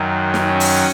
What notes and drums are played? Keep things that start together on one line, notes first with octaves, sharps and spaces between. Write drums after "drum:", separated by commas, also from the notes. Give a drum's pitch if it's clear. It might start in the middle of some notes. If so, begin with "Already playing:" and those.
Already playing: F#2 D#3 F#3
drum: snare
C#4
drum: open hi-hat